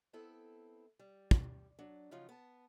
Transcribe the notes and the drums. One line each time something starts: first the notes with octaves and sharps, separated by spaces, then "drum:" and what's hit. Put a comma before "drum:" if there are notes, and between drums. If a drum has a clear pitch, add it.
B3 C4 E4 A4
G3
drum: kick
F#3 D4
C#3 F3 F#3 D#4 F4
B3 A5